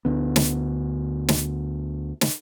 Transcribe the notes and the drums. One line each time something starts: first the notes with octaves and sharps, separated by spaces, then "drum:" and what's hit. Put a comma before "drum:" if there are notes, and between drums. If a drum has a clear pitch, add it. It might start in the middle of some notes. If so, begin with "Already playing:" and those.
D2 D3 B3
drum: snare
drum: snare
drum: snare